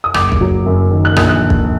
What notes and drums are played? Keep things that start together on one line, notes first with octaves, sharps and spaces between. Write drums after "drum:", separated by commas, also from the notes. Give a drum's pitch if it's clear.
D#6
F#1 D6, drum: rim click
drum: kick
F#3
F#2
D#3
F#6
A#1 D#6, drum: rim click
F#6
drum: kick